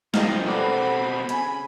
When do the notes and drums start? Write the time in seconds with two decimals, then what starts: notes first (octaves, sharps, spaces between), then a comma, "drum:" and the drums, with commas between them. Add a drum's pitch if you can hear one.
0.14 G2 F3 G4 A#4 D#5 F5, drum: snare
0.46 B2 A#3 C4 A4 B4 D5 F#5 B5
1.29 C#3 C#4 G#5 B5, drum: hi-hat